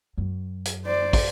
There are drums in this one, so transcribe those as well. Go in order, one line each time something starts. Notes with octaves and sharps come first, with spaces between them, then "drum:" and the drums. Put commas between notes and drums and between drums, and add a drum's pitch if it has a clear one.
F#2
drum: hi-hat
C5 D5
drum: kick, open hi-hat